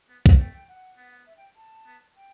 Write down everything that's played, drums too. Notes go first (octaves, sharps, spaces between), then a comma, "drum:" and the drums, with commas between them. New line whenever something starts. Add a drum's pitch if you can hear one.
B3
drum: kick
A3 G5
G5
F#5
B3
E5
G5
A5
B3
G5